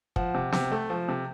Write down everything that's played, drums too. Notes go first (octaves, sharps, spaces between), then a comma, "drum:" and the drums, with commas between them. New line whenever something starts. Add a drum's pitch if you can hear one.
F3 F#5, drum: kick
C3
C3, drum: snare
A3
F3
C3